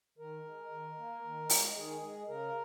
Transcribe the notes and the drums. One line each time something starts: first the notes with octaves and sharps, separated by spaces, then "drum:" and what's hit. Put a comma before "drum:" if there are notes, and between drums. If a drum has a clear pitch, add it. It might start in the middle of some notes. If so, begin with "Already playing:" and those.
D#3 A#4
G#3
D#3
A#3
D#3
G#3, drum: open hi-hat
D#3 G#4
G#3
C#3 A#4